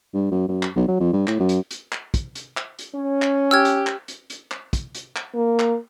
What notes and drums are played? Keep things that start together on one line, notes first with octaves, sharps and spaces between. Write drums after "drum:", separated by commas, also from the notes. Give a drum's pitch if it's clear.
G2
F#2
F#2
drum: clap
B1
F#3
F2
G2
A2, drum: clap
F#2
drum: hi-hat
drum: hi-hat
drum: clap
drum: kick, hi-hat
drum: hi-hat
drum: clap
drum: hi-hat
C#4
drum: clap
G4 E6 F6 G#6
drum: hi-hat
drum: clap
drum: hi-hat
drum: hi-hat
drum: clap
drum: kick, hi-hat
drum: hi-hat
drum: clap
A#3
drum: clap